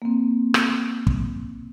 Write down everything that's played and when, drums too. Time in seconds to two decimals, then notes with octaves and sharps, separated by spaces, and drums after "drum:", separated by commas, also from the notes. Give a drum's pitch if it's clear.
0.02 A#3 C4
0.54 drum: rim click
1.07 drum: kick